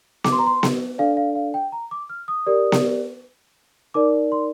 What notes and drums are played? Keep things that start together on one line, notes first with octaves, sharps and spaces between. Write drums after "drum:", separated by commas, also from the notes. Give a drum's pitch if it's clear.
D6, drum: snare B3
C6
A#5
C6
drum: snare B3
D4 A4 D5 F5
F5
F5
G5
A#5
D6
F6
D#6
G4 A#4 D5
drum: snare B3
D#4 A#4 D5 D6
C6